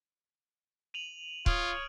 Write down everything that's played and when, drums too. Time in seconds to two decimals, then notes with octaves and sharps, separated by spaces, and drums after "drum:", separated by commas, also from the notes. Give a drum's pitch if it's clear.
0.94 D#7 F7 F#7
1.46 F4 C#5 D#6 F6 D7, drum: kick C#1